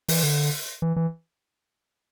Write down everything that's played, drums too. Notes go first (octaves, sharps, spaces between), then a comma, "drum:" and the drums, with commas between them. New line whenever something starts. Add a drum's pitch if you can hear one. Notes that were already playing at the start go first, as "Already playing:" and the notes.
E3, drum: open hi-hat
D3
E3
E3